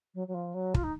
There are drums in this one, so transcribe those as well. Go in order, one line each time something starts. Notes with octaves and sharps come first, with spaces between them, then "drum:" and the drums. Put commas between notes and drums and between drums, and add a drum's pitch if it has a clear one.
F#3
F#3
F3
F#3
F4, drum: kick
D#4